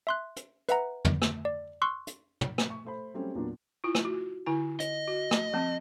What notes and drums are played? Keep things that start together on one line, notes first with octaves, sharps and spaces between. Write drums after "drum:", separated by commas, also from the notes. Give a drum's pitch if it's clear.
E5 C6 F#6
drum: hi-hat
B4 E5 F#5 A#5, drum: hi-hat
drum: tom
drum: rim click
D5
C6 C#6 E6 F#6
drum: hi-hat
drum: tom
drum: rim click
C#6
A3 C5 B5
F#3 G3 A3 C4 C#4 G4
E2 A#2 F#3 A#3 B3 D4
E4 F4
drum: rim click
F#4
D3 E4 G#5
D#5, drum: hi-hat
F#4
drum: rim click
F3 A#3 C4